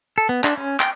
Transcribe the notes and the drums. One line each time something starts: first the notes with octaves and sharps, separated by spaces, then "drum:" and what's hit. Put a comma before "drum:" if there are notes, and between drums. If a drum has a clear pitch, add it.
A4
B3
D4, drum: clap
C#4
G5, drum: clap